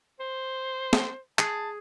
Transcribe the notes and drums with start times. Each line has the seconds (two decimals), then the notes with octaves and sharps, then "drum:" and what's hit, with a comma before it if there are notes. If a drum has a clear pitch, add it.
0.20 C5
0.93 drum: snare
1.39 G#4 A5, drum: clap